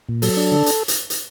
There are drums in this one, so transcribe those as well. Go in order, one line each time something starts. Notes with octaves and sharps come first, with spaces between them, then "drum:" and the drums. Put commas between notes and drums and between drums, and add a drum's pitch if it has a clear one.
A#2
F#3 A4, drum: open hi-hat
D4
D3
drum: hi-hat
drum: hi-hat
drum: hi-hat